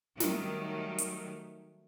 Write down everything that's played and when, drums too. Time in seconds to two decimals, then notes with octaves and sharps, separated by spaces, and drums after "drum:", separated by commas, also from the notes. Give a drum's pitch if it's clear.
0.20 D#3 F#3 G3 A3, drum: snare
0.98 drum: hi-hat